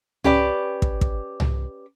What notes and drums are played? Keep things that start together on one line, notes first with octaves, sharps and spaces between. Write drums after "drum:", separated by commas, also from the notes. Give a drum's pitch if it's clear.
C#4 G4 B4 D5, drum: tom C2
drum: kick
drum: kick
drum: tom C2